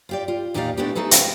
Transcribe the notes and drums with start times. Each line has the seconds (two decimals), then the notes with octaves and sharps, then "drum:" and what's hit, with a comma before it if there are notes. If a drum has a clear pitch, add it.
0.09 F4 G4 D5
0.28 F4
0.54 E2 A#2 D#4 G4 D5 F5
0.77 G#3 A3 B3 D4 E4 G4
0.95 A3 D#4 G#4 A4 B4
1.11 C4 F4, drum: hi-hat